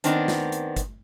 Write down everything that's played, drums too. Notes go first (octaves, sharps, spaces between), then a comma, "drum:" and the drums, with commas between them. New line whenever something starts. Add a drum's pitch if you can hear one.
D#3 B3 C4 D4, drum: hi-hat
drum: snare
drum: hi-hat
drum: kick G1, hi-hat